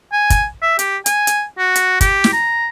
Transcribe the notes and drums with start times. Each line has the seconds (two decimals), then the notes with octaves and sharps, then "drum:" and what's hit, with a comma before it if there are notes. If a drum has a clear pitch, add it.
0.13 G#5
0.30 drum: kick, hi-hat
0.62 E5
0.79 G4, drum: hi-hat
1.06 G#5, drum: hi-hat
1.27 drum: hi-hat
1.58 F#4
1.76 drum: hi-hat
2.01 G4, drum: kick, hi-hat
2.24 drum: snare
2.33 A#5